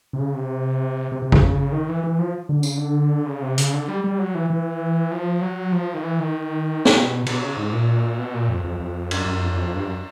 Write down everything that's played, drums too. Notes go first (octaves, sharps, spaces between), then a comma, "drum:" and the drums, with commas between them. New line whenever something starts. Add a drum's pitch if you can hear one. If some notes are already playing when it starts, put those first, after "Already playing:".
C3
C#3
C3
C3
C3
C#3, drum: kick
D#3
E3
E3
F3
D3
C#3, drum: tambourine
D3
C#3
C3
C#3, drum: hi-hat
D3
G3
G3
F#3
E3
E3
F3
F#3
F3
D#3
E3
D#3
drum: snare
B2
B2, drum: cymbal
C#3
G#2
A#2
B2
A#2
F2
F2
F2
F#2, drum: cymbal
F#2
F2
F#2
F2
G2
F#2